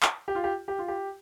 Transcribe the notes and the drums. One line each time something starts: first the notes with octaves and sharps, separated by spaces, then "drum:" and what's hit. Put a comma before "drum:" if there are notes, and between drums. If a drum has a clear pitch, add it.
drum: clap
G4
F4
G4
G4
F4
G4